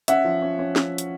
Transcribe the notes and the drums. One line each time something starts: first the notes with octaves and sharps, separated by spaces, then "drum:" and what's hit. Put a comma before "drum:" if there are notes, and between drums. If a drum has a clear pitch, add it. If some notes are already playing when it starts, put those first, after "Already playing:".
C#4 E5 F#5, drum: hi-hat
F3
C#4
C#4
drum: snare
drum: hi-hat